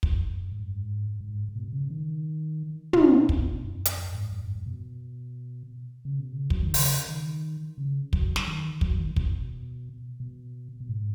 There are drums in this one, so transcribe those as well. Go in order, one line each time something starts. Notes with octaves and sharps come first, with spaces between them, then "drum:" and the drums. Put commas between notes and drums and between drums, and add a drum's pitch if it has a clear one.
drum: kick
F#2
G#2
F#2
G#2
G#2
G#2
B2
C#3
D#3
B2, drum: tom
drum: kick
F#2
drum: hi-hat
F#2
G#2
F#2
G#2
F#2
B2
C#3
B2
C#3
F#3, drum: kick
D#3
C#3, drum: open hi-hat
D#3
C#3
F#3, drum: kick
drum: snare
D#3
F#3, drum: kick
D#3
B2, drum: kick
B2
B2
G#2